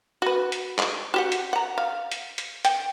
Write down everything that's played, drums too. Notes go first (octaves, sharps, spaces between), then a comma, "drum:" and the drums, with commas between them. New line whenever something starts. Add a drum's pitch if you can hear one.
F#4 B4
drum: hi-hat
drum: clap
F#4 G4 F#5
drum: hi-hat
F#5 A#5
F5
drum: hi-hat
drum: hi-hat
G5, drum: hi-hat